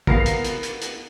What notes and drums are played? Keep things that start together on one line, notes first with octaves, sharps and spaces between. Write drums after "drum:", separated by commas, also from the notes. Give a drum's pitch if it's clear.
B3 A#4 F5 A#6 C7, drum: kick
drum: hi-hat
drum: hi-hat
drum: hi-hat
drum: hi-hat